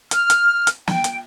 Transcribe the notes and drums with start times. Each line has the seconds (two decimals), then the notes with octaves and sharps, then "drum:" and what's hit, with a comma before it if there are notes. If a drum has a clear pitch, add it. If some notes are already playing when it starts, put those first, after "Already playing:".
0.11 F6, drum: hi-hat
0.30 drum: hi-hat
0.67 drum: hi-hat
0.87 G5, drum: snare
1.04 drum: hi-hat